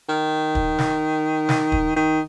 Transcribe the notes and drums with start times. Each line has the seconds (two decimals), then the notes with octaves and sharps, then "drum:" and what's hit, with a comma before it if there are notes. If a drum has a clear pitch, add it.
0.09 D#3
0.55 drum: kick
0.78 drum: snare
1.49 drum: snare
1.72 drum: kick
1.96 D#3